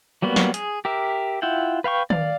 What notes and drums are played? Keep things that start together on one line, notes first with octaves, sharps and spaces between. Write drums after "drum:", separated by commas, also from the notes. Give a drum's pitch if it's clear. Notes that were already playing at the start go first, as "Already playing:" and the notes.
F#3 G3 A#3 B3 F#4
drum: snare
G#4, drum: hi-hat
G4 A#4 E5
E4 F4 E5 F#5 G5
B4 F5 G5 C#6
D5 F5, drum: tom D#3